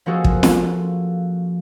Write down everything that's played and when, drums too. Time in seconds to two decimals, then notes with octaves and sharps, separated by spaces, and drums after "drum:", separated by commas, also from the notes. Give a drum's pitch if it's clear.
0.06 F3 A#3 C#4 F#4 G#4 A4
0.24 drum: kick
0.43 drum: snare